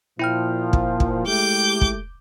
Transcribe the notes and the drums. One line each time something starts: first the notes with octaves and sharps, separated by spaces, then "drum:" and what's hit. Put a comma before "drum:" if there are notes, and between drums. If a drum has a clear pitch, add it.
A#2 F3 E4 G5 F6
drum: kick
drum: kick
G#3 A3 G4 D6 G6
drum: kick